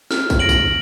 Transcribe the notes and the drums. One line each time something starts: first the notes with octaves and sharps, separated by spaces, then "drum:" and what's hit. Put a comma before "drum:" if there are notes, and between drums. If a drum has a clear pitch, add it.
F6, drum: snare
drum: kick, tambourine
A#6 D7 F#7
drum: kick, tambourine